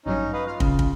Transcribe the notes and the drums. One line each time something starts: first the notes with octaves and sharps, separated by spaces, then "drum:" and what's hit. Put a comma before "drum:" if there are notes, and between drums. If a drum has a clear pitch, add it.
A1 G2 F#3 C#4 D#4
B4 D#5 F5
F4 F5
C#3, drum: kick
drum: kick